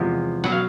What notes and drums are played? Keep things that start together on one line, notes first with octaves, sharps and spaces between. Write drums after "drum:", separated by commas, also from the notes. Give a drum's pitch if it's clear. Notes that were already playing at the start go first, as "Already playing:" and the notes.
Already playing: E2 C3 F3 G#3 B3
B2 F#3 F#5, drum: snare
F5